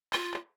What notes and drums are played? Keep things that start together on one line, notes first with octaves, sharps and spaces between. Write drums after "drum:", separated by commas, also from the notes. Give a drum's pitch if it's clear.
F4, drum: clap
drum: clap